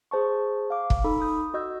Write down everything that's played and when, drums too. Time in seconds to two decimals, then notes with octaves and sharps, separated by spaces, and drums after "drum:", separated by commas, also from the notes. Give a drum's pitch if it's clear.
0.11 G#4 C5 A5 C#6
0.70 F5 D6
0.90 drum: kick
1.04 D#4 A4 B5
1.21 D#6 G6
1.54 F#4 D#5 E6 G6